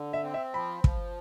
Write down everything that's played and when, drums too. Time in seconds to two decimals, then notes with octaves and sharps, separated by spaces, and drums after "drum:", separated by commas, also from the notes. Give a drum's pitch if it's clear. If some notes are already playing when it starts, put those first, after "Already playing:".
Already playing: D3
0.13 E5
0.23 C4
0.34 E5
0.54 F3 B5
0.84 F3, drum: kick